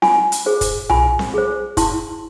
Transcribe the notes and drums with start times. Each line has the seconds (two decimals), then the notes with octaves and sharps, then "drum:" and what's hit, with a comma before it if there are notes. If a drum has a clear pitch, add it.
0.02 F4 G#5 B5, drum: snare C4
0.32 drum: hi-hat
0.46 G#4 C5
0.61 drum: kick, hi-hat
0.90 F4 G#5 B5, drum: tom B1
1.19 drum: snare C4
1.34 G#4 C5
1.77 E4 A5 C6, drum: kick, hi-hat